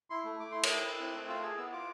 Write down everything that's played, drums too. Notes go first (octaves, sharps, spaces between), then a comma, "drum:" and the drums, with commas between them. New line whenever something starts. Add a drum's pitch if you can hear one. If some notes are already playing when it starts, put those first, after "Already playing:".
E4 C6
A3
A3 D6
E4 C6
D6, drum: cymbal
E4
E4
C4
A3
F4 E6
G#4 E6
B3 E6
F4 D6